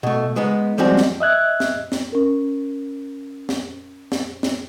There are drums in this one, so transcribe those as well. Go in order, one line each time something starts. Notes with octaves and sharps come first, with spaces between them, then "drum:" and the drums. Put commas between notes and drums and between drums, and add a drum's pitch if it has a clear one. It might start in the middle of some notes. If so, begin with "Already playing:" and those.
B2 A3
G#3 B3 D#4
F3 G3 G#3 C4 F#4
drum: snare
D#5 E5 F#6 G#6
drum: snare
drum: snare
C#4 A#4
drum: snare
drum: snare
drum: snare